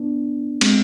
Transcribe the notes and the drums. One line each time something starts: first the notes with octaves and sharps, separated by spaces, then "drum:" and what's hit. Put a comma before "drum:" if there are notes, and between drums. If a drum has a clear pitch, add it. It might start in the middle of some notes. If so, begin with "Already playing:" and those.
Already playing: B3 D4
G#3 C4, drum: cymbal